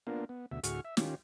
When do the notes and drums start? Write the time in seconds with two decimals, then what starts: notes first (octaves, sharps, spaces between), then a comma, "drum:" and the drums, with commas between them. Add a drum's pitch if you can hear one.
0.07 A#3 B3 D4 F4 A#4
0.29 B3
0.51 D2 B2 E5
0.63 D2 A2 F#4 G#4 C#6 F6, drum: hi-hat
0.85 E5
0.97 D#3 C#4 F4 G4, drum: snare